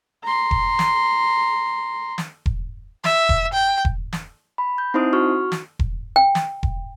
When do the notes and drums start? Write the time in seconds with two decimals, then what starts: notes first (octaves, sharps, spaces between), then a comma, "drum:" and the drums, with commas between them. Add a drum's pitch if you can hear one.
0.23 A#5 C6
0.51 drum: kick E1
0.79 drum: snare
2.18 drum: snare
2.46 drum: kick E1
3.04 E5, drum: snare
3.29 drum: kick E1
3.53 G5
3.85 drum: kick E1
4.13 drum: snare
4.58 B5
4.78 G6
4.94 C4 D#4 E4 C5 C6 D#6
5.13 F#4 C#6 F6
5.52 drum: snare
5.79 drum: kick E1
6.16 G5
6.35 drum: snare
6.63 drum: kick E1